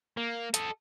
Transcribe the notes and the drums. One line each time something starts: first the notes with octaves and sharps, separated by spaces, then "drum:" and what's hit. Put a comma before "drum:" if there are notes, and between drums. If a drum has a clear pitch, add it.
A#3
A4 D#5, drum: hi-hat